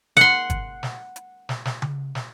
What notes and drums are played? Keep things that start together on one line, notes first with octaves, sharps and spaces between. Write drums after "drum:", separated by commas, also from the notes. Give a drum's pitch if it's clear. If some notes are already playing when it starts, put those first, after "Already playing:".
F#5 C6, drum: snare
drum: kick, hi-hat
drum: snare
drum: hi-hat
drum: snare
drum: snare
drum: tom C#3
drum: snare